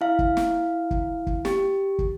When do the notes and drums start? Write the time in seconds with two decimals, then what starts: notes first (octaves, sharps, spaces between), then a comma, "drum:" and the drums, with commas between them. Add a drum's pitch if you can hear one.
0.01 E4 F5
0.19 drum: kick
0.37 drum: snare
0.91 drum: kick
1.27 drum: kick
1.45 G4, drum: snare
1.99 drum: kick